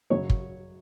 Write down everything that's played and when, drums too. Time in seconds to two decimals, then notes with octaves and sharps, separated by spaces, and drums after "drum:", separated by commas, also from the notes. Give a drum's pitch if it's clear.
0.10 F#2 C#3 F#3 C#5
0.30 drum: kick